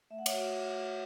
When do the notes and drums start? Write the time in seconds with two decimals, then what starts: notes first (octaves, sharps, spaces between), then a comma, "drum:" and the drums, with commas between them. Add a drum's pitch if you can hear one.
0.10 A3 E5
0.19 F#5
0.26 C#5 E5, drum: cymbal
0.33 F#4
0.54 A3
0.75 A3